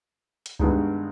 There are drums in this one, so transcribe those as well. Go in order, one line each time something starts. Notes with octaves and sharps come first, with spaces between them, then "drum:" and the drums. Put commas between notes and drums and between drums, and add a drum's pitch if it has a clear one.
drum: hi-hat
G2 D#3 G#3 B3 D#4, drum: kick C#2